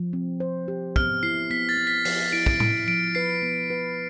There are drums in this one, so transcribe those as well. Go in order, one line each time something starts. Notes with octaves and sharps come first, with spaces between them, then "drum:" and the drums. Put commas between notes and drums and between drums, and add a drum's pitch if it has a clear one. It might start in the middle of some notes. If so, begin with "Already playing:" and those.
Already playing: F3
C4
C5
G4
B3 F6, drum: kick
E4 C7
B3 B6
A6
B3
B6
F3 C7, drum: open hi-hat
B6
E4 D7
D7, drum: kick
E4 D7, drum: tom A2
F3 D7
B4 C7
B3
B4